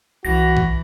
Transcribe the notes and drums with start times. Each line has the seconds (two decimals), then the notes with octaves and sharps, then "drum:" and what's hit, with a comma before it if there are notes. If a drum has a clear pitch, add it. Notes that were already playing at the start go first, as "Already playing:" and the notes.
0.25 C2 E3 F#4 A#6
0.57 drum: kick A1